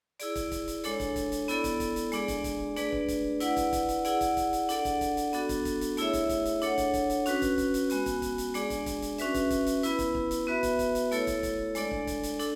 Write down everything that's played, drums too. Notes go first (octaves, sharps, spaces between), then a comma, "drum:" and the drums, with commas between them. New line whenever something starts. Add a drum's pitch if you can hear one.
E4 G#4 D5, drum: hi-hat
drum: kick, hi-hat
drum: kick, hi-hat
drum: hi-hat
G#3 D4 A4 C#5, drum: hi-hat
drum: kick, hi-hat
drum: kick, hi-hat
drum: hi-hat
B3 E4 A4 D5, drum: hi-hat
drum: kick, hi-hat
drum: kick, hi-hat
drum: hi-hat
G#3 D4 G#4 D5, drum: hi-hat
drum: kick, hi-hat
drum: kick, hi-hat
A3 D4 G#4 B4 D5, drum: hi-hat
drum: kick
drum: kick, hi-hat
E4 B4 D5 F#5, drum: hi-hat
drum: kick, hi-hat
drum: kick, hi-hat
drum: hi-hat
E4 G#4 D5 F#5, drum: hi-hat
drum: kick, hi-hat
drum: kick, hi-hat
drum: hi-hat
D4 A4 D5 F#5, drum: hi-hat
drum: kick, hi-hat
drum: kick, hi-hat
drum: hi-hat
B3 D4 F#4 A4, drum: hi-hat
drum: kick, hi-hat
drum: kick, hi-hat
drum: hi-hat
A3 E4 G#4 C#5 E5, drum: hi-hat
drum: kick, hi-hat
drum: kick, hi-hat
drum: hi-hat
D4 A4 C#5 F#5, drum: hi-hat
drum: kick, hi-hat
drum: kick, hi-hat
drum: hi-hat
C#4 F#4 B4, drum: hi-hat
drum: kick, hi-hat
drum: kick, hi-hat
drum: hi-hat
G#3 B3 F#4, drum: hi-hat
drum: kick, hi-hat
drum: kick, hi-hat
drum: hi-hat
G#3 D4 G#4 D5, drum: hi-hat
drum: kick, hi-hat
drum: kick, hi-hat
drum: hi-hat
C#4 F#4 B4 E5, drum: hi-hat
drum: kick, hi-hat
drum: kick, hi-hat
drum: hi-hat
B3 E4 B4, drum: hi-hat
drum: kick, hi-hat
drum: kick
drum: hi-hat
B3 F#4 B4 E5
drum: kick, hi-hat
drum: kick, hi-hat
drum: hi-hat
A3 E4 A4 C#5, drum: hi-hat
drum: kick, hi-hat
drum: kick, hi-hat
G#3 D4 A4 D5, drum: hi-hat
drum: kick
drum: kick, hi-hat
drum: hi-hat
D4 A4, drum: hi-hat